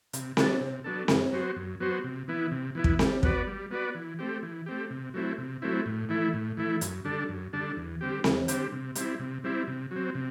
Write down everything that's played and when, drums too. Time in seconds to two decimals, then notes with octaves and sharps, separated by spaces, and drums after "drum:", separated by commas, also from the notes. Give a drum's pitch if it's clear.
0.13 C3, drum: hi-hat
0.37 F#3 B3 D4 A4, drum: snare C4
0.61 C3
0.84 F#3 B3 D4 A4
1.08 F#2, drum: snare C4
1.32 F#3 B3 F#4 C5
1.56 F#2
1.80 F#3 B3 F#4 C5
2.04 C3
2.28 E3 B3 E4
2.51 C3
2.75 E3 B3 E4
2.84 drum: kick
2.99 G3, drum: snare C4
3.23 B3 F#4 B4 D5, drum: kick
3.47 G3
3.71 B3 F#4 B4 D5
3.95 E3
4.19 A3 C4 G4
4.43 E3
4.66 A3 C4 G4
4.90 C3
5.14 F#3 A3 C4 E4
5.38 C3
5.62 F#3 A3 C4 E4
5.86 A2
6.09 E3 A3 E4
6.33 A2
6.57 E3 A3 E4
6.81 F#2, drum: hi-hat
7.05 D3 G3 D4 A4
7.29 F#2
7.53 D3 G3 D4 A4
7.77 E2
8.01 D3 G3 C4 G4
8.24 E2, drum: snare C4
8.48 D3 G3 C4 G4, drum: hi-hat
8.72 C3
8.95 G3 C4 E4, drum: hi-hat
9.19 C3
9.44 G3 C4 E4
9.67 C3
9.91 F#3 C4
10.15 C3